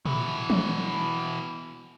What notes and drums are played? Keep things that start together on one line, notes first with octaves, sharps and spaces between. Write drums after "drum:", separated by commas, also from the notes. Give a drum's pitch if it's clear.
B2 E3, drum: tom
drum: tom